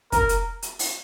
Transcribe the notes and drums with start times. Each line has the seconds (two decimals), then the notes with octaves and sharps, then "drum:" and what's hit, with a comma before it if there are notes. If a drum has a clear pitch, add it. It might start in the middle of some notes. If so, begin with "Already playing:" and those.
0.12 A#4, drum: kick, hi-hat
0.29 drum: hi-hat
0.62 drum: hi-hat
0.79 drum: open hi-hat